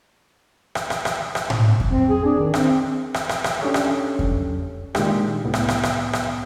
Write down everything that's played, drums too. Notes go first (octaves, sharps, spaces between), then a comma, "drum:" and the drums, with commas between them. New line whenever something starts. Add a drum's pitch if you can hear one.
drum: rim click
drum: rim click
drum: rim click
drum: rim click
drum: tom A2
drum: kick F2
C4
G#4
D4
D#3
C4, drum: rim click
drum: rim click
drum: rim click
drum: rim click
C#4 D4 G4 A4 C#5
drum: rim click
drum: kick F2
A#2 D#3 G#3 D4 G4, drum: rim click
C2 A2 B3
drum: rim click
drum: rim click
drum: rim click
drum: rim click